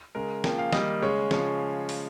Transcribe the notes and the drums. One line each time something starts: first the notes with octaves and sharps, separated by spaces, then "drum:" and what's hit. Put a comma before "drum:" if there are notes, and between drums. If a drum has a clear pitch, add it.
C#3 G#3 A#4
C#3 F3 A#3 G5, drum: snare
F5
D#3 G3 A#3 D#5, drum: snare
C#3 G#3 C#5
C#3 F3 G#3 C#5, drum: snare
drum: open hi-hat